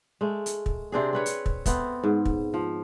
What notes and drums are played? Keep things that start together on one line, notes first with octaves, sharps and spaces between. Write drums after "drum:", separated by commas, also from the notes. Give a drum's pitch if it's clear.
G#3 A3
drum: hi-hat
drum: kick
C3 C4 D4 G#4
C4 B4 C#5
drum: hi-hat
drum: kick
A3 B3 C4, drum: kick, hi-hat
G#2
drum: kick
F3